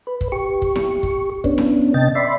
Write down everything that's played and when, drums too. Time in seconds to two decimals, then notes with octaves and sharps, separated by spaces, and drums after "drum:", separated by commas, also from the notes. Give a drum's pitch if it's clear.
0.07 B4
0.21 drum: kick
0.32 G4 C#6
0.62 drum: kick
0.76 drum: snare E4
1.03 drum: kick
1.44 B3 C#4 D4, drum: kick
1.58 drum: snare E4
1.94 C3 D#5 G5 A5 A6
2.15 D5 E5 B5 C6